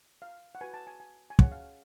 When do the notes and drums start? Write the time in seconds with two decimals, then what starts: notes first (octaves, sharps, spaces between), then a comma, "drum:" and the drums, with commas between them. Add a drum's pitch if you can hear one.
0.22 F5
0.55 F#5
0.61 F#4 B4 G#5
0.74 A5
0.87 G#5
1.00 G#5
1.30 G#5
1.39 C#4 G#4 C#5 F#5, drum: kick
1.52 F5